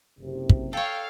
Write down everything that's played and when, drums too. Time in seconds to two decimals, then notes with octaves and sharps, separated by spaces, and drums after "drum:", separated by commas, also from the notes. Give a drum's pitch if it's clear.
0.20 F#1 C3
0.49 drum: kick
0.73 A4 C#5 F5 G5